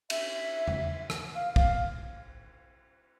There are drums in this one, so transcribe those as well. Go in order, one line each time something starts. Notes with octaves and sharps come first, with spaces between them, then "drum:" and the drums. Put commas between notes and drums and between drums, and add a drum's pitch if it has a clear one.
E5, drum: cymbal
drum: tom E2
drum: rim click
F5
F5, drum: kick